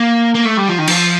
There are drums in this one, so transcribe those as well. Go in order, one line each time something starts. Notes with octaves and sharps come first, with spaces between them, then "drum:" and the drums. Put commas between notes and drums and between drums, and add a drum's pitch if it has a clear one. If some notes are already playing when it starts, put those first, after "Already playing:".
Already playing: A#3
A#3
A3
G3
F3
D#3
F3, drum: cymbal